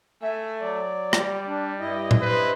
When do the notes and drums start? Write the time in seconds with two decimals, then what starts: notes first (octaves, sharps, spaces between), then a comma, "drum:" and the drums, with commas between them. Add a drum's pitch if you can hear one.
0.22 A3 E5 G#5
0.61 F#3 D5
1.13 G3, drum: rim click
1.47 D4
1.80 G2 E4 G4 D#5
2.11 drum: tom A#2
2.22 B4 C5